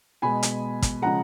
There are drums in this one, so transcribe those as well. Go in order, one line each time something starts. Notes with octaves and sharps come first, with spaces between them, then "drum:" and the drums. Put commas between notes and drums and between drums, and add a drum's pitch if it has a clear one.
B2 G#3 G#5 B5
drum: hi-hat
drum: kick, hi-hat
C#3 F3 G#3 F#5 A#5